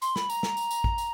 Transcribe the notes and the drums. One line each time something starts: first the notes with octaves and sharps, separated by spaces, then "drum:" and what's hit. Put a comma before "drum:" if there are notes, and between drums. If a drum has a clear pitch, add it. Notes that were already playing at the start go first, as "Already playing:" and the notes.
C6, drum: tambourine
B5, drum: snare
A#5, drum: tambourine
drum: snare
drum: tambourine
drum: tambourine
drum: kick A1
drum: tambourine